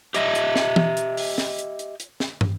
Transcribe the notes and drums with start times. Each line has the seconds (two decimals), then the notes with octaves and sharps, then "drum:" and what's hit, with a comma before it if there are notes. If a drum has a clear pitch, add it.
0.14 G4 D#5 E5, drum: hi-hat
0.35 drum: hi-hat
0.56 drum: snare
0.76 drum: tom
0.97 drum: hi-hat
1.17 drum: open hi-hat
1.38 drum: snare
1.59 drum: hi-hat
1.79 drum: hi-hat
2.00 drum: hi-hat
2.20 drum: snare
2.41 drum: tom